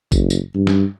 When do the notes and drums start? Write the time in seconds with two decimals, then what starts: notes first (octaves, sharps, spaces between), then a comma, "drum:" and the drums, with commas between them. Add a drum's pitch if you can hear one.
0.12 F#1, drum: kick, tambourine
0.30 drum: tambourine
0.55 G2
0.67 drum: snare